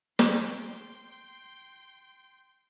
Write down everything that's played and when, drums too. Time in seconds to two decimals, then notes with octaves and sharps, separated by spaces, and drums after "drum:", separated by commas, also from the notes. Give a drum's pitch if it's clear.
0.19 G5 C6, drum: snare